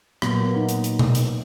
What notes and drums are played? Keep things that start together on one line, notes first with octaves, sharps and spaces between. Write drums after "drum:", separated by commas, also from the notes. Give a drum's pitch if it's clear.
A#2 F#3 A#3 B3, drum: rim click
A#3
B3
D#4
drum: hi-hat
drum: hi-hat
drum: tom B2
drum: hi-hat